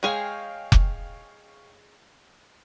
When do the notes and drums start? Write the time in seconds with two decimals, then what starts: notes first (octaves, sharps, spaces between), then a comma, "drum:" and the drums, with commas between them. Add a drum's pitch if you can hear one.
0.03 G#3 G#4 C#5 F5 G5 G#5
0.72 drum: kick F1